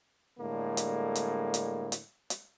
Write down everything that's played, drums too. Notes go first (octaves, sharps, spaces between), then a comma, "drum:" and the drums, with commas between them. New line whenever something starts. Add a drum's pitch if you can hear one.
A2 D3 G3 G#3 A#3
drum: hi-hat
drum: hi-hat
drum: hi-hat
drum: hi-hat
drum: hi-hat